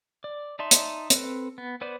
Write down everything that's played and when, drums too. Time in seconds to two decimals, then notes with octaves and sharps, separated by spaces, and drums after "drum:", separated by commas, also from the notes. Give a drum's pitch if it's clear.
0.24 D5
0.59 D#4 D5 E5 A5 C6
0.71 drum: hi-hat
1.10 C4 A4 B4, drum: hi-hat
1.58 B3
1.81 B3 B4 C5 D5